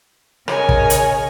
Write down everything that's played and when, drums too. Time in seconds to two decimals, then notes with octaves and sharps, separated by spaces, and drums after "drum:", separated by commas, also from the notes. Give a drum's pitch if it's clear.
0.48 C#3 A#4 C#5 D#5 G#5, drum: rim click
0.69 drum: kick
0.90 drum: hi-hat